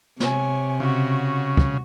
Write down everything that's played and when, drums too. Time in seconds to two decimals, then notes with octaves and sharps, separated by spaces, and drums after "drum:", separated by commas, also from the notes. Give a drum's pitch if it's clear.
0.20 C3 C#5 G#5, drum: snare
0.80 C#3 F#4
1.57 drum: kick